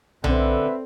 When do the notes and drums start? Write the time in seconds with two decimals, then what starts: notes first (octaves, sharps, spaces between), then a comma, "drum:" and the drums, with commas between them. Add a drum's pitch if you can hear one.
0.24 D3 C4 B4 E5, drum: tom B1